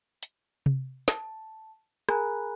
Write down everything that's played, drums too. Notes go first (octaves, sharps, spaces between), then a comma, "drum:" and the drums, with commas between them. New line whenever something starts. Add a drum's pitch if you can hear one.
drum: hi-hat
drum: tom C3
A5, drum: snare
G#4 A#4 G#5 A#5 B5 F#6, drum: rim click